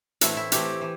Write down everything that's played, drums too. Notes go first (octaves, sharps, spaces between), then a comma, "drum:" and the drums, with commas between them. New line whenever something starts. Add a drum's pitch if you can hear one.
A2 E3 A3 C4 E4, drum: hi-hat
E4
A2 E3 A3 C4 G4, drum: hi-hat
E3